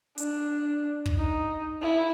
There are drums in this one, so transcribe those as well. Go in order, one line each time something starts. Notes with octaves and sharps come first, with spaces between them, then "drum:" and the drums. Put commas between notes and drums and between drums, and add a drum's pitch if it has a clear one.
D4, drum: hi-hat
drum: kick
D#4
E4